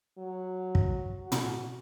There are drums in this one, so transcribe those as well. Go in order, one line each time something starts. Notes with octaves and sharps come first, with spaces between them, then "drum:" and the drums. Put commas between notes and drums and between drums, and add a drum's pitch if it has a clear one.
F#3
drum: kick
F#4
drum: tom